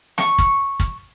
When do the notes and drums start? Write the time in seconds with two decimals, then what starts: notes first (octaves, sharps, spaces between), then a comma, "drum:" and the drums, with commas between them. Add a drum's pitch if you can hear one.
0.18 C#6, drum: snare
0.38 drum: kick, hi-hat
0.80 drum: kick, hi-hat